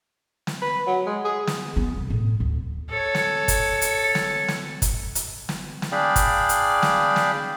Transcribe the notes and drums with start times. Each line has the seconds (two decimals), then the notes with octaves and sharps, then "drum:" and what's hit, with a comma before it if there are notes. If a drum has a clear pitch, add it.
0.47 drum: snare
0.62 B4
0.87 F#3
1.06 G#3
1.24 G#4
1.47 drum: snare
1.76 B3
1.98 C2
2.10 A2
2.40 D2
2.89 A4 C#5
3.15 drum: snare
3.48 drum: kick, hi-hat
3.82 drum: hi-hat
4.15 drum: snare
4.48 drum: snare
4.82 drum: kick, hi-hat
5.15 drum: hi-hat
5.49 drum: snare
5.82 drum: snare
5.92 D4 G#4 D5 F5 G5 B5
6.16 drum: kick, hi-hat
6.49 drum: hi-hat
6.83 drum: snare
7.16 drum: snare